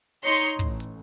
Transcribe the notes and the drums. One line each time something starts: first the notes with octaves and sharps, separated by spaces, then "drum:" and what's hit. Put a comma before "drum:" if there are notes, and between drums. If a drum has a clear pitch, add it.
D#4 C#5 C6 C#7
drum: hi-hat
A1, drum: kick
drum: hi-hat